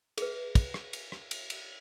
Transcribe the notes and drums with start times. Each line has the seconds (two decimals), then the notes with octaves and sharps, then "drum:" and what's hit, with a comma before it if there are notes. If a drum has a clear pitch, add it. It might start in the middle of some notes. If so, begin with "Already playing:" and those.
0.18 G#4 B4, drum: cymbal
0.55 drum: kick, cymbal
0.74 drum: rim click
0.93 drum: cymbal
1.12 drum: rim click
1.31 drum: cymbal
1.50 drum: cymbal